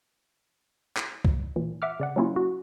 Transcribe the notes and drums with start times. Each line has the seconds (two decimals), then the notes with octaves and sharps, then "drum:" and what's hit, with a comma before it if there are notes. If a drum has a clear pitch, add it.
0.97 drum: clap
1.25 drum: kick C2
1.56 A#2 E3
1.82 E5 F#5 D6 F6
2.00 C#3 D5 F#5
2.16 F#3 A#3 C#4 E4 F4
2.36 F#4